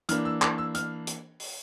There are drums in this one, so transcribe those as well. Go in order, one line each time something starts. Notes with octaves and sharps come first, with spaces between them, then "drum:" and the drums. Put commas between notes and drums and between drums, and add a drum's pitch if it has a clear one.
E3 A#3 D4 F6, drum: hi-hat
E6
D6, drum: clap
E6
F6, drum: hi-hat
drum: hi-hat
drum: open hi-hat